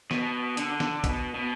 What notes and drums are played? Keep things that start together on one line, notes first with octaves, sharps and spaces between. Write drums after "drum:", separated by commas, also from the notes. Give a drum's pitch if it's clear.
B2, drum: snare
D3, drum: hi-hat
drum: snare
B2, drum: kick, hi-hat
B2